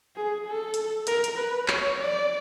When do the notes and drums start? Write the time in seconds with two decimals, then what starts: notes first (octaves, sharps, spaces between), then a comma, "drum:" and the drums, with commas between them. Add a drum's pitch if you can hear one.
0.16 G#4
0.46 A4
0.74 drum: hi-hat
1.07 A#4, drum: hi-hat
1.24 drum: hi-hat
1.38 B4
1.68 C#5, drum: clap
1.99 D5